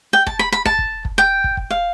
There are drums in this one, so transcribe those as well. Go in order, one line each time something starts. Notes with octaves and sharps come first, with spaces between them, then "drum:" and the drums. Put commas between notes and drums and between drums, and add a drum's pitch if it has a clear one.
G5
A5, drum: kick
B5
B5
A5, drum: kick
drum: kick
drum: kick
G5
drum: kick
drum: kick
F5